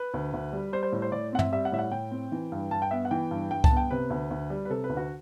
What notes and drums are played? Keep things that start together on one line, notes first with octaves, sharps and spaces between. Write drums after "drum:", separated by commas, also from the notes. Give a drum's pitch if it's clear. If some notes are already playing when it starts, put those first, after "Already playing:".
Already playing: B4
D2
D2
G3
G3 C5
C5
A2
C5
A2 D5
C4 F#5
E5, drum: tom
G3 E5
F#5
A2 E5
F#5
A2 G5
C4
E3
G2
G2 A5
G5
B3 E5
F#5
E3 G5
G2
G2 G5
A5, drum: kick C2
B3
G5
C3 B4
D2
D2
G3
B4
C3 A4
B4
D2
F#4